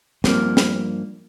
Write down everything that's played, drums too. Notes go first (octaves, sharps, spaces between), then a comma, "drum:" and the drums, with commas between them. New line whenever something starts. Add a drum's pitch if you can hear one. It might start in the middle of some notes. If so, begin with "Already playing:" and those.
G2 F3 A#3 C4, drum: snare
drum: snare